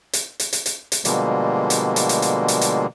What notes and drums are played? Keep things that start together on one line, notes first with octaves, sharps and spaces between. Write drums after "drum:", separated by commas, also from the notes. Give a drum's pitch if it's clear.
drum: hi-hat
drum: hi-hat
drum: hi-hat
drum: hi-hat
drum: hi-hat
B2 D3 F3 G3 G#3 A#3, drum: hi-hat
drum: hi-hat
drum: hi-hat
drum: hi-hat
drum: hi-hat
drum: hi-hat
drum: hi-hat